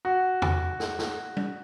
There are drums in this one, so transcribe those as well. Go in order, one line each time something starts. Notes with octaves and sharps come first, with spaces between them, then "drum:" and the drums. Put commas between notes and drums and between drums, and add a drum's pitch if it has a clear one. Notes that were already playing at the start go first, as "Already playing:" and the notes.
F#4
drum: tom E2
drum: snare
drum: snare
drum: tom G3